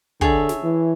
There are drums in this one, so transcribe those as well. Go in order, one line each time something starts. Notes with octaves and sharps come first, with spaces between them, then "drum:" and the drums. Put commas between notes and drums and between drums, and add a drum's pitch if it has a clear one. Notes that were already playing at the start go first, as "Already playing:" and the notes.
D3 G#4 C#5 E5 A5, drum: kick
drum: snare
E3